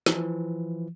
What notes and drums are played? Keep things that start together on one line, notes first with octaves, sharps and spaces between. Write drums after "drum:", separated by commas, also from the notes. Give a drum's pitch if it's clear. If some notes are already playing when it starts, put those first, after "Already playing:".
E3 F3, drum: snare